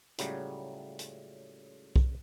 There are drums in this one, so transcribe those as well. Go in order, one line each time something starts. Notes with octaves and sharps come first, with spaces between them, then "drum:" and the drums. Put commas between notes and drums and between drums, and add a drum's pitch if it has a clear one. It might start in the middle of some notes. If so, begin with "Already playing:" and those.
C#2 A2 C#3 F#3 G3, drum: hi-hat
drum: hi-hat
drum: kick B1